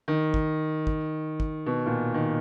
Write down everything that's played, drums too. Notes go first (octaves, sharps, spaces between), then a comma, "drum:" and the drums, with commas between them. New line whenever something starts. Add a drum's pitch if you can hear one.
D#3
drum: kick
drum: kick
drum: kick
B2
A#2
D#3